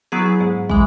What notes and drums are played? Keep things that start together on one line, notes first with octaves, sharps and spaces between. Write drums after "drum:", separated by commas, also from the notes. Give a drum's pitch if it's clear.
F#3 B3 E4 G#4
G#2
E3 G#3, drum: kick